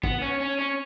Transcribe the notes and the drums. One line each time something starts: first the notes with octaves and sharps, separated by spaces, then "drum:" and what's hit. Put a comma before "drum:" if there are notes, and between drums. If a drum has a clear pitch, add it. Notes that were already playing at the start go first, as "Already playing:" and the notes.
B3, drum: kick
C#4
C#4
C#4